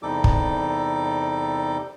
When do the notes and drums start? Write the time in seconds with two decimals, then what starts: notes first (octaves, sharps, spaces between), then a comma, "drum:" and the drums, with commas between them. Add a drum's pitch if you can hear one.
0.03 E2 C3 G3 D#4 A4 D6
0.24 drum: kick